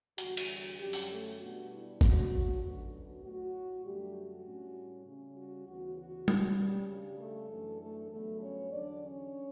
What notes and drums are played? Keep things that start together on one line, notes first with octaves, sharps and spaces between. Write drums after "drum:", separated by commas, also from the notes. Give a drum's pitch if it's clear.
E2 D3 G3 F#4, drum: hi-hat
drum: cymbal
F#4
F#2 D3 F#3 G3 C#4 G4
drum: open hi-hat
A3 A4
B2 G3 B3 D4 F#4
E4
G2 F#3 A3 D4 F#4, drum: kick G#1
F#2 D3 F#3 B3 F#4
F#4
A2 F#3 A3 F#4
F#2 D3 F#3 G3 A3 D4 G4
F#4
A2 G3 C#4
C#3 G3 C#4
F#4
D2 C#3 E3 B3 F#4
F#4
B2 F#3 C#4, drum: tom G3
G3 G4
C#3 G3 D4
A3 A4
F#2 E3 A3 D4
A3 A4
G2 D3 F#3 A3 B3 A4
C#4 C#5
E2 D3 F#3 D4 D5
C#4 C#5